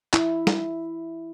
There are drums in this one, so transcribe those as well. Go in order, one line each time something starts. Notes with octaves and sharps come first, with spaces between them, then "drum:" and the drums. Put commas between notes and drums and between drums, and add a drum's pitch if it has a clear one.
E4, drum: clap
drum: snare